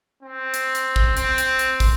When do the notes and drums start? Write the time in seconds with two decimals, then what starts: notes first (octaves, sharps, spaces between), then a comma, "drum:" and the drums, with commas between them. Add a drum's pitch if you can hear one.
0.23 C4
0.54 drum: hi-hat
0.75 drum: hi-hat
0.96 drum: kick
1.17 C4, drum: hi-hat
1.38 drum: hi-hat
1.59 drum: hi-hat
1.80 drum: kick, open hi-hat